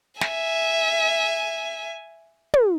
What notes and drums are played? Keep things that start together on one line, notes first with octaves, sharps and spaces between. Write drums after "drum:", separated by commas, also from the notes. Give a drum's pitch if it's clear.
E5 G#5, drum: snare
drum: tom